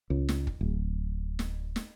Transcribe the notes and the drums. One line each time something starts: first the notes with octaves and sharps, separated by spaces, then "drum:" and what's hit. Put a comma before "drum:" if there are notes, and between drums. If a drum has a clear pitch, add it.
C#2
drum: snare
drum: kick
D1
drum: snare
drum: snare